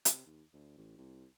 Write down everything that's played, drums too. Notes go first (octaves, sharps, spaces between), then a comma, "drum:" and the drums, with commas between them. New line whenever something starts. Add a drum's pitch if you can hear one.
C3, drum: hi-hat
D#2
D2
A1
C2